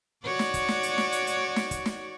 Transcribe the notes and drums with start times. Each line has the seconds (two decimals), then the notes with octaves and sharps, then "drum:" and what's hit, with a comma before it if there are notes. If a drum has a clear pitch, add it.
0.25 F#4 C#5 D5
0.39 drum: snare
0.54 drum: kick, hi-hat
0.68 drum: snare
0.83 drum: hi-hat
0.98 drum: snare
1.12 drum: hi-hat
1.27 drum: hi-hat
1.56 drum: snare
1.71 drum: kick, hi-hat
1.86 drum: snare